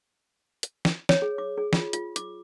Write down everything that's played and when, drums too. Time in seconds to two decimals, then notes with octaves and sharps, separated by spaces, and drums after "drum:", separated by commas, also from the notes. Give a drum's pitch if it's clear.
0.63 drum: hi-hat
0.85 drum: snare
1.09 C#5, drum: snare
1.22 G#4
1.38 D6
1.58 G#4
1.73 F4, drum: snare
1.93 F4, drum: hi-hat
2.16 D6, drum: hi-hat